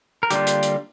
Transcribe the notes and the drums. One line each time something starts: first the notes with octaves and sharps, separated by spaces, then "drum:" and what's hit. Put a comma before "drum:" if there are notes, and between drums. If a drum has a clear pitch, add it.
A#4
D3 G3 A#3 D4 F4 G4, drum: hi-hat
drum: hi-hat
drum: hi-hat